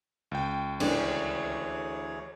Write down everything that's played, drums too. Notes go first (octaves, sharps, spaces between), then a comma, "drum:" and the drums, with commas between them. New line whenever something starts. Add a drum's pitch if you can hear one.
C#2 G5
D2 E3 D4 G#4 C#5, drum: cymbal